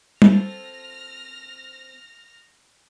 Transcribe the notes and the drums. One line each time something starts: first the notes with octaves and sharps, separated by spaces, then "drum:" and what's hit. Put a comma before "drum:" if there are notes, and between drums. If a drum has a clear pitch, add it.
C4 F4 A4 F6 A#6, drum: tom G3